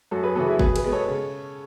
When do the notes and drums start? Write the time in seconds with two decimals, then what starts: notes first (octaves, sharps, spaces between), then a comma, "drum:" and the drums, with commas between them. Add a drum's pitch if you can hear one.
0.11 F#2 F#4 A4
0.23 G#4 B4
0.35 C#3 E3 B3 F#4 A4
0.48 E4 G#4
0.59 B2 G#4 B4, drum: kick
0.76 G#4 B4, drum: cymbal
0.84 G#3 B3
0.92 A4 C#5
1.08 C#3